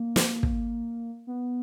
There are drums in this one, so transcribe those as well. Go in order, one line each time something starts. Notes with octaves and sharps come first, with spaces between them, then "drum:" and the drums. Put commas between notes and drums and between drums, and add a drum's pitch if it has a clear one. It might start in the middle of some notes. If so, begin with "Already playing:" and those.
Already playing: A#3
drum: snare
drum: kick
B3